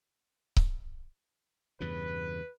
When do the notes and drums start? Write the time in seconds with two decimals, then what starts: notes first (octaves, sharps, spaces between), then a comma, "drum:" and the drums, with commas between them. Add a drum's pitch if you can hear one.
0.57 drum: kick C#1
1.80 E2 G2 C#3 B4